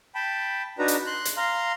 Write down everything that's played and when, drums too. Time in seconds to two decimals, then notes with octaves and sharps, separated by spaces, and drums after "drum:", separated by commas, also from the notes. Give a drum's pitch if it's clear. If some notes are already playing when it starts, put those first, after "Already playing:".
0.15 G5 A5 B5
0.79 D4 D#4 F#4 B4 A#5
0.88 drum: hi-hat
1.07 C6 F#6
1.25 drum: hi-hat
1.37 F5 A#5 C6